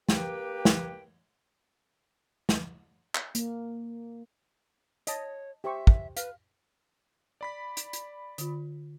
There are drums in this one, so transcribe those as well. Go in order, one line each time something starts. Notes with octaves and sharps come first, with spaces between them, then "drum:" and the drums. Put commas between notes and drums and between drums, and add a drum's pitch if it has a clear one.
A#3 G4 B4 G5, drum: snare
drum: snare
drum: snare
drum: clap
A#3, drum: hi-hat
C#5 D#5 A5, drum: hi-hat
G4 C5 E5 C#6
drum: kick
B4 F5, drum: hi-hat
D5 B5 B6
drum: hi-hat
drum: hi-hat
D3 F4, drum: hi-hat